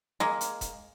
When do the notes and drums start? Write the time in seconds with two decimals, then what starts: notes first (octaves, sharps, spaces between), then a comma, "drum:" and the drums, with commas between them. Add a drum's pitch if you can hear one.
0.20 G#3 A#3, drum: snare
0.41 drum: hi-hat
0.61 drum: kick E1, hi-hat